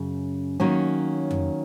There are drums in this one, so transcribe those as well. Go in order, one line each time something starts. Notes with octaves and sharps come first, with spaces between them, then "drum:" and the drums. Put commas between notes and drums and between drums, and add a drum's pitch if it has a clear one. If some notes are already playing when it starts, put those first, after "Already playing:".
Already playing: F#2 C#3
D#3 F#3 A#3 C#4
drum: tom F2